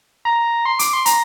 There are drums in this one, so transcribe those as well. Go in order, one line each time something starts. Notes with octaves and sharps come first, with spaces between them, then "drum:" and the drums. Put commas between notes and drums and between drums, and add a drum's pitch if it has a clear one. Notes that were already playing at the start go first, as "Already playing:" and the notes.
A#5
C6
D6, drum: hi-hat
C6
A#5, drum: hi-hat